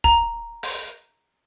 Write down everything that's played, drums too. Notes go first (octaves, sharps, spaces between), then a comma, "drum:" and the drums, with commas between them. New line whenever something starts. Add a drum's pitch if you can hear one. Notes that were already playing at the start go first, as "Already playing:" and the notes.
A#5, drum: kick
drum: open hi-hat